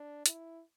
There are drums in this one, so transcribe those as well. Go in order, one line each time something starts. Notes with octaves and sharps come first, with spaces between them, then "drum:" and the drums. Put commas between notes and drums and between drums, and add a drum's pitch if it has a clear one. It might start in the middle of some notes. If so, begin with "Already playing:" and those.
Already playing: D4
E4, drum: hi-hat